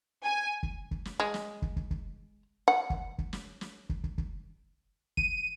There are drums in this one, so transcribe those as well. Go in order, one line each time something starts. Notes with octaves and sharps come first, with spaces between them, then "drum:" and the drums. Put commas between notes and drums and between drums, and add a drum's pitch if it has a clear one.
G#5
drum: kick
drum: kick
drum: snare
G#3
drum: snare
drum: kick
drum: kick
drum: kick
F#5
drum: kick
drum: kick
drum: snare
drum: snare
drum: kick
drum: kick
drum: kick
D#7, drum: kick